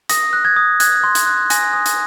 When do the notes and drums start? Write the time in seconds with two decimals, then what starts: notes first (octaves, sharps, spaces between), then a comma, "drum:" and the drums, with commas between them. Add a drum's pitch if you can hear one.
0.09 D#6 A#6, drum: hi-hat
0.33 F#6
0.45 G#6
0.56 D#6
0.80 F#6 G#6, drum: hi-hat
1.04 C6
1.15 drum: hi-hat
1.26 F#6
1.50 G#5 A#6, drum: hi-hat
1.73 D#6
1.86 drum: hi-hat